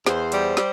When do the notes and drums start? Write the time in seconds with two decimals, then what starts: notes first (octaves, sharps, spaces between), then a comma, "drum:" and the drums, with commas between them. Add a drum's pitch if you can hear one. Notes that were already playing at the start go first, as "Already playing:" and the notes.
0.06 E2 C5, drum: snare
0.32 G3, drum: hi-hat
0.57 G3, drum: snare